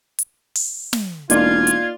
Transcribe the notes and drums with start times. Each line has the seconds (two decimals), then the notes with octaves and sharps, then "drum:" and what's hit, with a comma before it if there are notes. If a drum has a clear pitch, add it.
0.19 drum: hi-hat
0.56 drum: open hi-hat
0.93 drum: snare
1.30 E1 A#3 D#4 F4 D5 G#6, drum: hi-hat
1.67 drum: hi-hat